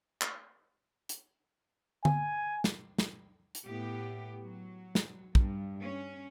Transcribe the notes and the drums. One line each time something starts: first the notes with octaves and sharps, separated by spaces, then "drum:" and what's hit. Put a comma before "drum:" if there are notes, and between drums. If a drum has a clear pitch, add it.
drum: clap
drum: hi-hat
G#5, drum: tom D3
drum: snare
drum: snare
drum: hi-hat
A2 B3 G4
F#3
drum: snare
G2, drum: kick
C#4